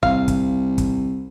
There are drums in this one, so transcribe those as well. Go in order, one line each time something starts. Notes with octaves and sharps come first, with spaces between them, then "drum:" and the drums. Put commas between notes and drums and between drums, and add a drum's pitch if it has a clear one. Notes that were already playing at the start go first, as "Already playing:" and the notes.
C2 F5, drum: kick
drum: kick, hi-hat
drum: kick, hi-hat